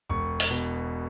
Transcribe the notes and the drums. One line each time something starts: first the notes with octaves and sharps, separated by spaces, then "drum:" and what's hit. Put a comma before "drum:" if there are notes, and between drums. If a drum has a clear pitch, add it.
E1 C#6
drum: open hi-hat
B2